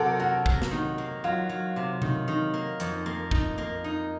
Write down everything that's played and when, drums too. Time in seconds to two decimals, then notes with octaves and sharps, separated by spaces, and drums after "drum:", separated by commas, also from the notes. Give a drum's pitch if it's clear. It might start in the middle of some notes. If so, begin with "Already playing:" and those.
Already playing: C3 F#3 F#4 A4 A#4
0.19 A#3 F#4
0.46 A#3, drum: kick
0.62 drum: snare
0.71 D#3
0.98 A#3
1.24 F#3 F4
1.49 F#3
1.76 C3
2.02 D#3, drum: tom B2
2.28 D#3
2.54 A#3
2.80 F2, drum: hi-hat
3.06 A#3
3.31 D#4, drum: kick
3.58 A#3
3.84 D#4